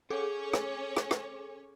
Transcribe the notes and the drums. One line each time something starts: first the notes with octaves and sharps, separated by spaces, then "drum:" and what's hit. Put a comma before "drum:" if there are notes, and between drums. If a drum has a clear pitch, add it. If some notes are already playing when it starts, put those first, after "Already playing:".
C#4 G#4 A4 C#5 D6
drum: rim click
drum: rim click
drum: rim click